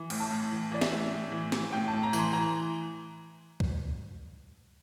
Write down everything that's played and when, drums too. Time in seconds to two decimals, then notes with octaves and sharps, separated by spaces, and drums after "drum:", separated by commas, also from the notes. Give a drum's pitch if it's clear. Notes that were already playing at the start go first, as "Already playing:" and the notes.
Already playing: E3
0.10 A2, drum: cymbal
0.20 A5
0.31 A2
0.52 E3
0.72 E3 D5
0.81 E5, drum: snare
0.92 A2
1.12 A2
1.32 E3
1.52 E3, drum: snare
1.72 A2 G5
1.88 A5
1.93 A2
2.03 A#5
2.13 E3, drum: tambourine
2.19 C6
2.33 E3 A#5
3.60 drum: kick C#2